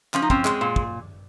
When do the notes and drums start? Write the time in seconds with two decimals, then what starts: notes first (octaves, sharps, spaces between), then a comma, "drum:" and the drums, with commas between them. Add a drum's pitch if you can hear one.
0.14 F3 C#4, drum: clap
0.22 D#4
0.30 C4 C#4, drum: kick
0.45 G#3, drum: clap
0.61 A#2
0.76 drum: kick